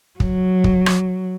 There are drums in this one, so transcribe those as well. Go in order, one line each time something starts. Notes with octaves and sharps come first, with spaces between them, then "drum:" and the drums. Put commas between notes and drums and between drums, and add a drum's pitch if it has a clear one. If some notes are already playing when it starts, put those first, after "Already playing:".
F#3, drum: kick
drum: kick
drum: rim click